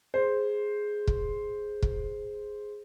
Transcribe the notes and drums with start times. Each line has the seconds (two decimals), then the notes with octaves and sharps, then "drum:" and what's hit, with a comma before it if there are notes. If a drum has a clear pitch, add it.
0.14 G#4 C5
1.07 drum: kick
1.82 drum: kick